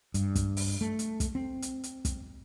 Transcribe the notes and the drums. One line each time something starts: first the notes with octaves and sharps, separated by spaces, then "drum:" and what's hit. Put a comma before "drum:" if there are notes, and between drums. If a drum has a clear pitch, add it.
G2, drum: hi-hat
drum: kick, hi-hat
drum: open hi-hat
A3
drum: hi-hat
drum: kick, hi-hat
C4
drum: hi-hat
drum: hi-hat
drum: kick, hi-hat